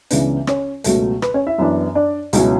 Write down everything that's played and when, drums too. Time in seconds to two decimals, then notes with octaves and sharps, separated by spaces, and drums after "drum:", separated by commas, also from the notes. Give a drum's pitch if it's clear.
0.10 C#2 C#3 E3 B3 D4 B4, drum: hi-hat
0.47 C#4 C#5, drum: rim click
0.84 C#2 B2 F#3 A3, drum: hi-hat
1.22 B4, drum: rim click
1.34 C#4 C#5
1.46 E4 E5
1.58 F#2 E3 B3 D4
1.95 D4 D5
2.33 C#2 B2 F#3 C#4 E4, drum: hi-hat